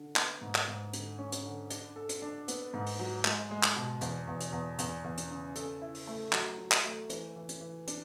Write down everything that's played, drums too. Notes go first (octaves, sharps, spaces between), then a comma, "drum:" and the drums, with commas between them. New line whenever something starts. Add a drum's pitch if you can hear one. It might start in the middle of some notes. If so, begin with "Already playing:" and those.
Already playing: D3
B3, drum: clap
G#2
drum: clap
G#2
D3, drum: hi-hat
C#4
drum: hi-hat
D3
D4, drum: hi-hat
A4
drum: hi-hat
D4
B3, drum: hi-hat
G#2
drum: open hi-hat
F#3
G#3, drum: clap
G#3
drum: clap
B2
E2, drum: hi-hat
E2
drum: hi-hat
E2
E2, drum: hi-hat
E2
drum: hi-hat
C#3
A4, drum: hi-hat
E4
drum: open hi-hat
A3
F#3, drum: clap
F#3
drum: clap
A3
E3, drum: hi-hat
E3
drum: hi-hat
E3
D4, drum: hi-hat